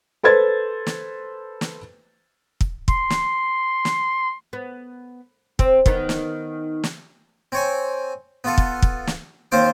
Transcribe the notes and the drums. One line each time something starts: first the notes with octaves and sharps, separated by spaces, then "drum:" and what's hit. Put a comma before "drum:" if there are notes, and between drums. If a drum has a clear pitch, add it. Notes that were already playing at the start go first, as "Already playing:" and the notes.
A4 B4 C5 G#6 A6
drum: snare
drum: snare
drum: kick
C6, drum: kick
drum: snare
drum: snare
B3
C4, drum: kick
D#3 B3 D#4, drum: kick
drum: snare
drum: snare
C4 C#5 G#5
B3 F4 A4
drum: kick
drum: kick
drum: snare
D#2 C4 F4 C5 D6